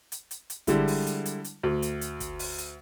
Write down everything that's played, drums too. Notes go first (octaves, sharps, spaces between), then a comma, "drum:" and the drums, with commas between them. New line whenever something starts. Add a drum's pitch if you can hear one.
drum: hi-hat
drum: hi-hat
drum: hi-hat
D3 G3 G#3 E4, drum: kick, hi-hat
drum: open hi-hat
drum: hi-hat
drum: hi-hat
drum: hi-hat
D2
drum: hi-hat
drum: hi-hat
drum: kick, hi-hat
drum: open hi-hat
drum: hi-hat